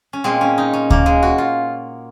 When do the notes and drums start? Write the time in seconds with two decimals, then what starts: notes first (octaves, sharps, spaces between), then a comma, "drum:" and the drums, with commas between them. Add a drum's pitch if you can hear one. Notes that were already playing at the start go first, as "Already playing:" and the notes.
0.13 C#4
0.24 A#2 G#3 C4
0.41 C#4
0.58 D#4
0.73 C#4
0.90 A#3, drum: kick D2
1.06 G#3
1.23 F#4
1.38 F4